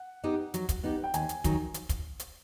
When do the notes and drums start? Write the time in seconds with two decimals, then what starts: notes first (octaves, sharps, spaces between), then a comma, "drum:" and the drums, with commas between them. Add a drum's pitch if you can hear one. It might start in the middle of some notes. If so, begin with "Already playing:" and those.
Already playing: F#5
0.24 B3 D#4 G4
0.54 F#3, drum: hi-hat
0.69 drum: kick, hi-hat
0.84 B3 D#4 G4
1.04 G5
1.14 D#2 G#5, drum: hi-hat
1.29 drum: hi-hat
1.44 D#3 F#3, drum: kick, hi-hat
1.74 drum: hi-hat
1.89 drum: kick, hi-hat
2.19 drum: hi-hat